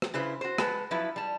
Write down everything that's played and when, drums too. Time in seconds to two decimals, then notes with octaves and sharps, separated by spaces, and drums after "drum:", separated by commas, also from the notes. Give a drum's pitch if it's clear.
0.02 drum: rim click
0.14 C#3 E4 B4 C5
0.41 F#4 C5
0.58 G#3 B4 F#5 A5, drum: rim click
0.91 F3 F#3 E4 B4
1.16 G3 A5